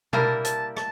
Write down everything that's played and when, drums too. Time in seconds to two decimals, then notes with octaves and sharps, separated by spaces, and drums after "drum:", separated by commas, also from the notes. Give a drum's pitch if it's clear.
0.13 G3 A#3 E4 A#4 A5, drum: tom B2
0.45 A5, drum: hi-hat
0.77 A5, drum: rim click